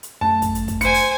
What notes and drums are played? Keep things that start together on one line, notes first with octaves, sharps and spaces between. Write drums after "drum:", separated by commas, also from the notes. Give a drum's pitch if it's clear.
drum: hi-hat
F#2 A3 A5
drum: kick, hi-hat
drum: hi-hat
drum: kick, hi-hat
C5 G#5 C#7, drum: hi-hat
drum: open hi-hat